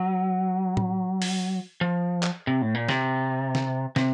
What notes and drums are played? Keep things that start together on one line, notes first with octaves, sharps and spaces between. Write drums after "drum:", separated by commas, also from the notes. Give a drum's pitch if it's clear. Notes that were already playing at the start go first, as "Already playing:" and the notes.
Already playing: F#3
drum: tom A2
drum: open hi-hat
F3
drum: clap
C3
A2
A#2
C3, drum: snare
drum: snare
C3, drum: snare